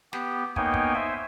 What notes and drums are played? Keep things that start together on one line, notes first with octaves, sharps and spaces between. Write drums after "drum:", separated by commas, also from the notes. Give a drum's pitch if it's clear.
B3 G4, drum: snare
A#3 B3 D#4 C#5 G5 G#5, drum: kick
drum: kick
C5 E5 G#5